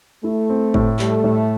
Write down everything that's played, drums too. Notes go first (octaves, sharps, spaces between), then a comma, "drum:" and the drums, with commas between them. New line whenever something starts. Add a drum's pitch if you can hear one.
A3 E4
C4
A2, drum: kick
G3 A3, drum: clap
A2